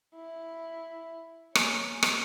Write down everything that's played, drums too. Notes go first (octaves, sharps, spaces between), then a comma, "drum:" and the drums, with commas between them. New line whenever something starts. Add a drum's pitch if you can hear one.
E4
A#3 C#5 G#5, drum: rim click
drum: rim click